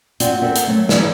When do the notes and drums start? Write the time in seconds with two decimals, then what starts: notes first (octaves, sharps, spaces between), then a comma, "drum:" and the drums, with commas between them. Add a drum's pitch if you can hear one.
0.20 C4 F4 F#4 D5 F#5, drum: hi-hat
0.42 C4 A4 A#4 E5 F#5
0.56 drum: hi-hat
0.67 F#3 A3
0.89 E3 D#4 D5, drum: snare